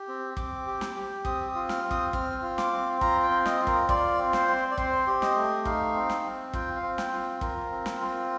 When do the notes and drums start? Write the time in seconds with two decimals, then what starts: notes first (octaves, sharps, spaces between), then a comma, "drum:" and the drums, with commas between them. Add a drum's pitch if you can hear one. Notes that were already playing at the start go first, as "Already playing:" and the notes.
Already playing: G4
0.08 C4
0.37 C4 D6, drum: kick
0.67 G4
0.81 drum: snare
0.96 G4
1.25 C4 D#6, drum: kick
1.47 D#6
1.55 F4
1.69 F6, drum: snare
1.84 C4
1.91 D#6, drum: kick
2.13 C4 F6, drum: kick
2.42 F4
2.58 D6, drum: snare
2.73 C4
3.01 F4 A#5, drum: kick
3.23 G5
3.30 C4
3.46 D#5, drum: snare
3.60 F4
3.67 A#4, drum: kick
3.89 F4 D5, drum: kick
4.19 C4
4.33 C5, drum: snare
4.48 C4
4.71 D5
4.78 C4 C5, drum: kick
5.07 G4
5.22 D#5, drum: snare
5.36 A3
5.65 D#4 F5, drum: kick
5.95 C4
6.10 drum: snare
6.24 C4
6.53 F4 G5, drum: kick
6.76 F5
6.82 C4
6.98 G5, drum: snare
7.12 F4
7.41 F4 A#4, drum: kick
7.71 C4
7.86 drum: snare
8.01 F4